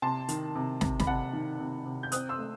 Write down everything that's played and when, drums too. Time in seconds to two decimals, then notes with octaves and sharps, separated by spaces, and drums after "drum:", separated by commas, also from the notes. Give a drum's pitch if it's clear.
0.02 C3 A5 C6
0.28 D#3, drum: hi-hat
0.55 C3
0.81 C3, drum: snare
1.00 B5, drum: snare
1.07 C3 F#5 A5
1.33 D#3
1.60 C3
1.85 C3
2.03 G6
2.12 C4 D#6 F#6, drum: hi-hat
2.29 C6 E6
2.38 A3